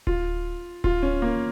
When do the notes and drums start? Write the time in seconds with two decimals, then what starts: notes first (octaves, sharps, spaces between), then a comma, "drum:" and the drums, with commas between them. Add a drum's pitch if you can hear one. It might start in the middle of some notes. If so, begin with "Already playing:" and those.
0.07 F4, drum: kick D1
0.84 F4, drum: kick D1
1.03 C#4
1.22 A#3